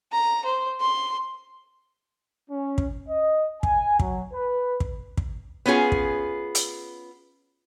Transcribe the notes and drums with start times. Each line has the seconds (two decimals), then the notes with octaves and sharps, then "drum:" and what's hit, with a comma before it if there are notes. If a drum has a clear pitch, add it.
0.12 A#5
0.45 C5
0.80 C6
2.50 C#4
2.78 drum: kick
3.09 D#5
3.63 G#5, drum: kick
4.00 F#3, drum: kick
4.34 B4
4.80 drum: kick
5.17 drum: kick
5.66 B3 C#4 F4 G#4
5.92 drum: kick
6.55 drum: hi-hat